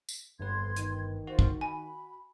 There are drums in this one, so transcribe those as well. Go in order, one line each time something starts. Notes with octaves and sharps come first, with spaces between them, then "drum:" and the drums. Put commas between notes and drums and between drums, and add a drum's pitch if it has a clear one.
drum: tambourine
G1 F2 B3 B4 C6 G#6
D#3, drum: hi-hat
F4 F#4 C5
drum: kick
G#5 B5